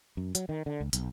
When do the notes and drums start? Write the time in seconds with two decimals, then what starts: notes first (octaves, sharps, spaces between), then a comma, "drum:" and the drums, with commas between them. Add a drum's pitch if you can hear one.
0.17 F#2
0.35 F#3, drum: hi-hat
0.49 D#3
0.66 D3
0.81 C#2
0.93 B1, drum: hi-hat